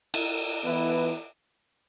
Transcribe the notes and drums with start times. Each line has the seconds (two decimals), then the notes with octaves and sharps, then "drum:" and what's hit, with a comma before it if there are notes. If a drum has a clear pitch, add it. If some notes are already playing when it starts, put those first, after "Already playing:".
0.14 drum: cymbal
0.64 E3 B3 E4 B4